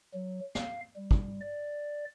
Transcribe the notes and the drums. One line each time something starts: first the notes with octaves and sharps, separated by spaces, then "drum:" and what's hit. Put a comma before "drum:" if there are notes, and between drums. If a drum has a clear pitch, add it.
F#3
F5, drum: snare
G3
drum: kick
D5